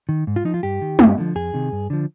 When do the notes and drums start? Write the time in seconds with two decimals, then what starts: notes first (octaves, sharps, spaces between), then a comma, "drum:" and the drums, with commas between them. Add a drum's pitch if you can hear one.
0.09 D#3
0.27 G#2
0.36 F4
0.45 F3 D#4
0.54 F4
0.63 G2 G4
0.82 D#3
0.99 G2, drum: tom
1.18 D3 F3
1.35 F2 G#4
1.53 C3 D#3
1.72 G2
1.90 D3 F3